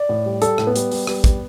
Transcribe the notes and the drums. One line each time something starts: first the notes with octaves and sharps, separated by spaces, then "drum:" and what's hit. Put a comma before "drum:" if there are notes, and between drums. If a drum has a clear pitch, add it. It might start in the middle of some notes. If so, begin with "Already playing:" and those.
Already playing: D5
A2
G3
G3 A4, drum: hi-hat
A2, drum: rim click
B3
G3, drum: hi-hat
G3, drum: open hi-hat
G3, drum: rim click
G3, drum: kick, hi-hat